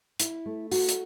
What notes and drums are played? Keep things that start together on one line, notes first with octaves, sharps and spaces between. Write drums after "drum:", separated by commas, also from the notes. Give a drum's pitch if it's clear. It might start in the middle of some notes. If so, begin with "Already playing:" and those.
E4, drum: hi-hat
A3
F#4, drum: open hi-hat
drum: hi-hat